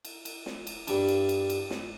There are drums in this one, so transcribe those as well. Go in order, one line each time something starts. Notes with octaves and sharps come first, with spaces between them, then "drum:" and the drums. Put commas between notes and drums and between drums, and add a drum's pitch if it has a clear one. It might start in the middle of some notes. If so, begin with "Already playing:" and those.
drum: cymbal
drum: cymbal
drum: snare
drum: cymbal
G2 G3 D4, drum: cymbal
drum: cymbal
drum: cymbal
drum: cymbal
drum: snare